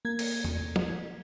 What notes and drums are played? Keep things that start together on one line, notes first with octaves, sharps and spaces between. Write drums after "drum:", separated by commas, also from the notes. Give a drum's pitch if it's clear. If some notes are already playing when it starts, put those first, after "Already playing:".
A#3 G#6
drum: cymbal
drum: tom E2
drum: tom F3